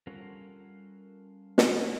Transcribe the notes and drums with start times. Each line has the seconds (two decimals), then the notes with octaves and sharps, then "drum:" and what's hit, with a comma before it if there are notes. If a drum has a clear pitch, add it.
0.07 G3 C#4 F4 A4 A#4 F#5
1.58 drum: snare